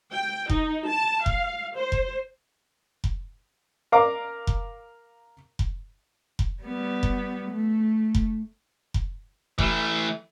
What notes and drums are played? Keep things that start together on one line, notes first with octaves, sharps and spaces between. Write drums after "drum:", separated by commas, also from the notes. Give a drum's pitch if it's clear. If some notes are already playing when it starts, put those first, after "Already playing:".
G5
D#4, drum: kick F1
A5
F5, drum: kick F1
C5
drum: kick F1
drum: kick F1
A#4 F5 A#5 D6
drum: kick F1
drum: kick F1
drum: kick F1
G3 B3
drum: kick F1
A3
drum: kick F1
drum: kick F1
E3 A3, drum: kick F1